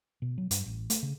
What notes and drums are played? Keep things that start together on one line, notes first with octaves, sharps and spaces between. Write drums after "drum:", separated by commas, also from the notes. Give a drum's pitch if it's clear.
B2
F#3
G2, drum: hi-hat
A1
A3, drum: hi-hat
C#3